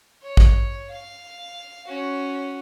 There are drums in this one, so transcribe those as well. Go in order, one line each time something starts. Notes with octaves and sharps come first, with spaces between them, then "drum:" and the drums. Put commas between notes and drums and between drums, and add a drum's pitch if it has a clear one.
C#5
drum: kick A1
F5
C#4 F#4